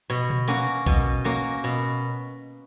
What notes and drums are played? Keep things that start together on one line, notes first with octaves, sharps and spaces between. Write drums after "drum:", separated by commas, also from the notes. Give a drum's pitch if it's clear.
B2
drum: tom B2
A#3 C#4 F#4, drum: hi-hat
B2, drum: kick A#1
A#3 C#4 F#4
B2